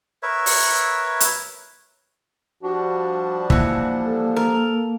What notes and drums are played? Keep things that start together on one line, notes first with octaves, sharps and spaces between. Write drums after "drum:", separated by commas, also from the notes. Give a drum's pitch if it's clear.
A#4 B4 C#5 E5
drum: open hi-hat
drum: hi-hat
F3 G3 D4 F#4
E3 A#3 F#4, drum: kick
A4
A#4